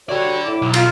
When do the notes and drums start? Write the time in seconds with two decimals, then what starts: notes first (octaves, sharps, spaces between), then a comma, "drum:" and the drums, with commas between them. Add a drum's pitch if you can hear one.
0.09 G3 F#4 A4 C#5 D5
0.45 A2 E4 D6
0.62 B1
0.74 F4, drum: cymbal